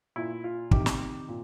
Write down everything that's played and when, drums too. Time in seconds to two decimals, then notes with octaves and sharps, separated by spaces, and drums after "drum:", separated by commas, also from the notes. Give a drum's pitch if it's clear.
0.16 A#2 E4
0.44 F4
0.71 C3 D#3 G4, drum: kick
0.86 drum: snare
1.29 A#2